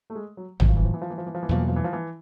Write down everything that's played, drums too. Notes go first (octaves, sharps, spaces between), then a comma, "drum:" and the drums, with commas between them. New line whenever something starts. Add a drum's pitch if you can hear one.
A3
G#3
F#3
G#2 D#3 E3 F#3 A3, drum: tom
F3
E3
F3
E3
F3
E3
F3
E3
F3
E3
E2 B2 F3 F#3 A#3
E3
F3
E3
F3
E3